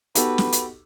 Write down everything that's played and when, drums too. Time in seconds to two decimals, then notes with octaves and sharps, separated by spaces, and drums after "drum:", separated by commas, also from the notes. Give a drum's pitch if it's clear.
0.15 B3 D#4 F#4 G4 A4 B4, drum: hi-hat
0.38 drum: snare
0.52 drum: hi-hat